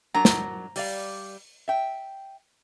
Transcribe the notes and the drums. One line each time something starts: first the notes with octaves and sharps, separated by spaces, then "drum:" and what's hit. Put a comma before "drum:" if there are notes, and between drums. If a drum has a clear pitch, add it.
F#3 D4 A#4 A#5
drum: snare
G3 D5 F5, drum: open hi-hat
E5 G5